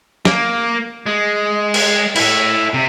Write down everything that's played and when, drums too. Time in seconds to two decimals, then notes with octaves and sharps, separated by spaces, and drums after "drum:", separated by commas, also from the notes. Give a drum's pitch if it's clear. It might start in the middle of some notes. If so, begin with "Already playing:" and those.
0.25 A#3, drum: snare
1.06 G#3
1.74 drum: cymbal
2.16 E4 A4, drum: cymbal
2.74 C3